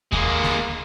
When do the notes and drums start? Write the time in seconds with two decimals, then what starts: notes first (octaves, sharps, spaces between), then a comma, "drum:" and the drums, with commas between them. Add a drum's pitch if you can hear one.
0.12 G#3 A#3, drum: kick D#2
0.43 drum: snare G#3